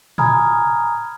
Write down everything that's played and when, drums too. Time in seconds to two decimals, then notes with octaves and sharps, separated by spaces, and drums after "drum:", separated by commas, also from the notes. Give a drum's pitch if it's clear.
0.18 G#5 A#5 B5 D#6 F6 G#6, drum: tom A2